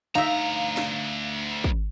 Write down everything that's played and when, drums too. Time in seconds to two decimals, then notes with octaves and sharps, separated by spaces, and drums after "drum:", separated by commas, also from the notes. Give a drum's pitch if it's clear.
0.15 D2 D#4 E5 F5 A#5
0.77 drum: snare
1.64 drum: kick